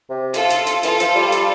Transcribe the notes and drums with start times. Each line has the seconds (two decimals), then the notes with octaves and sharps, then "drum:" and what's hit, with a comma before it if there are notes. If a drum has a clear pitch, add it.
0.10 C3
0.34 F4 A4, drum: hi-hat
0.50 drum: hi-hat
0.67 drum: hi-hat
0.83 E3 F4 A4, drum: hi-hat
1.00 F3, drum: hi-hat
1.15 G3
1.32 drum: hi-hat